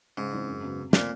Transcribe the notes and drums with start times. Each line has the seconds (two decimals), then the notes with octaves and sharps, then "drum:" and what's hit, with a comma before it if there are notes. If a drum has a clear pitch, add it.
0.17 G#2 C#3
0.33 E3 G#3 C4 D#4
0.48 F#2
0.63 C#3 F#3 B3
0.79 C3
0.93 A#2 F3 A3 C4, drum: snare